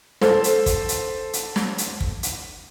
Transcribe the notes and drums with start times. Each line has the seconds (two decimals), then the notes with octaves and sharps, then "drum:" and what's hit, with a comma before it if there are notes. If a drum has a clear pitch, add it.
0.21 A4 C5, drum: snare
0.44 drum: hi-hat
0.66 drum: kick, hi-hat
0.89 drum: hi-hat
1.33 drum: hi-hat
1.56 drum: snare
1.78 drum: hi-hat
2.01 drum: kick
2.23 drum: hi-hat